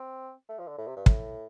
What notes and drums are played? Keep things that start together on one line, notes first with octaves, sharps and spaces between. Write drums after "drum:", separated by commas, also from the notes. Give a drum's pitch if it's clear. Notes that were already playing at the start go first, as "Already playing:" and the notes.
Already playing: C4
A3
F3
D3
A2
C3
G2
A2, drum: kick